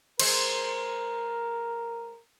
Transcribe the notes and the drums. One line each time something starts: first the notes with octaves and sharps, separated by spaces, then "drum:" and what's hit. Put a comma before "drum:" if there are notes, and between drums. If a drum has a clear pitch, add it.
G#3 A#4 C5, drum: cymbal